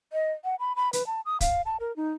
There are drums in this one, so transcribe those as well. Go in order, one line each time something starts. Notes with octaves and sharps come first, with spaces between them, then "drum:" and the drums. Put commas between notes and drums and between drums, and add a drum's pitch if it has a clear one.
D#5
F#5
B5
B5
B4, drum: hi-hat
A5
D#6
F5, drum: kick, hi-hat
A5
A#4
D#4